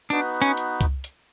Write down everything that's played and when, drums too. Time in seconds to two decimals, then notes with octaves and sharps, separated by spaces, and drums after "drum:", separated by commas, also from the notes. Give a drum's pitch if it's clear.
0.10 B3 D4 D#4 F#4 B4, drum: hi-hat
0.42 C#4
0.57 drum: hi-hat
0.81 drum: kick C2, hi-hat
1.04 drum: hi-hat